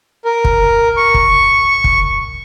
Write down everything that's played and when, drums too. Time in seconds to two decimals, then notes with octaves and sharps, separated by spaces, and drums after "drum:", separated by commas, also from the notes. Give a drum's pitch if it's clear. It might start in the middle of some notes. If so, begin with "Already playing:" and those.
0.25 A#4
0.45 drum: kick
0.97 C#6
1.14 drum: kick
1.84 drum: kick